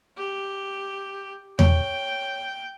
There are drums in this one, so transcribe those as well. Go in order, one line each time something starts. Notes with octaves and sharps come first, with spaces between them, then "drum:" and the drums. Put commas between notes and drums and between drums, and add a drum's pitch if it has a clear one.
G4
C#5 G5, drum: tom E2